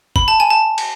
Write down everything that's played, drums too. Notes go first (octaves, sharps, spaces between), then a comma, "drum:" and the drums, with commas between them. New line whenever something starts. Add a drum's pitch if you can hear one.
B5, drum: kick
A5
G#5
A5
drum: cymbal